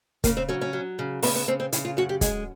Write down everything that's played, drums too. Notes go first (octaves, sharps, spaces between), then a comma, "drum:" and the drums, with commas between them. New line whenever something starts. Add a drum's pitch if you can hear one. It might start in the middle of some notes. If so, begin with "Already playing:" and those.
C#3 A#3, drum: kick, hi-hat
C4
F#3 C#4
C#4
F#3
C#3
C#3 B3, drum: open hi-hat
B3
C#3 C4
C4
C#3 E4, drum: hi-hat
F4
F#2 F#4
G4
G#3 G#4, drum: kick, hi-hat